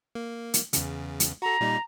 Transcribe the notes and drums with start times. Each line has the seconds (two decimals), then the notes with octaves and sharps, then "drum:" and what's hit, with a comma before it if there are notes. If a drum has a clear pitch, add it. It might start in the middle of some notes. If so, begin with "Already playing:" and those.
0.15 A#3
0.54 drum: hi-hat
0.73 E2 C#3, drum: hi-hat
1.20 drum: hi-hat
1.42 F#4 A4 A#5
1.61 A#2 G3 D#4